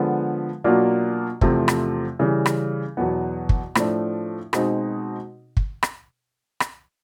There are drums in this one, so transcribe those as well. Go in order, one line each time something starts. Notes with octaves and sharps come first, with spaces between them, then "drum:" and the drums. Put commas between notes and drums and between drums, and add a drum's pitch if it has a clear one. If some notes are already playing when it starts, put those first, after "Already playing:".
Already playing: D3 F3 G#3 B3
B2 F#3 A#3 D4 F4
E2 C3 F3 A3 C4, drum: kick
drum: rim click
C#3 E3 G3
drum: rim click
E2 B2 F#3 B3
drum: kick
A2 F3 A3 D4, drum: rim click
B2 G#3 C4 D#4, drum: rim click
drum: kick
drum: rim click
drum: rim click